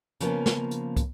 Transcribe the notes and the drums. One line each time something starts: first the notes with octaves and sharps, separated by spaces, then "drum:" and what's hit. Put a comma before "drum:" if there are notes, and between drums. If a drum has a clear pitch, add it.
C#3 F3 G3 A#3 B3 C#4, drum: hi-hat
drum: snare
drum: hi-hat
drum: kick, hi-hat